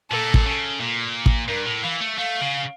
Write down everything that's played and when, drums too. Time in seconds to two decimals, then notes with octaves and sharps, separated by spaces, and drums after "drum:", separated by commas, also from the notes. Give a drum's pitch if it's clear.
0.11 A#2 A4
0.34 drum: kick
0.46 C#3
0.80 A#2
1.26 drum: kick
1.48 G2 A#4
1.65 A2
1.83 E3 F5
2.00 A3
2.17 A3 F5
2.41 C#3